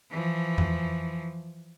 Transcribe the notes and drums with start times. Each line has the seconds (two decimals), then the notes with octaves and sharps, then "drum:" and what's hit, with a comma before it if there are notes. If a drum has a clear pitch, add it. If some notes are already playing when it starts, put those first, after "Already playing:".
0.10 E3 F3
0.58 drum: tom F2